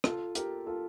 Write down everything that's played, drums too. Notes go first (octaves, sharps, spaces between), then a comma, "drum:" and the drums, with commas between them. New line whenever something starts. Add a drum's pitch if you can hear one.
F4 A4, drum: rim click
G4 A#4, drum: hi-hat
F4 A4